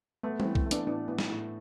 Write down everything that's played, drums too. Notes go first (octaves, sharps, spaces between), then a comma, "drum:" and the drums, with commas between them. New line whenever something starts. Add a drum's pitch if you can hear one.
A3 B3
C4, drum: tom G3
E3
drum: kick B1
A3
B3 D4, drum: hi-hat
A2 B3 D4
A2 B3
drum: snare
A2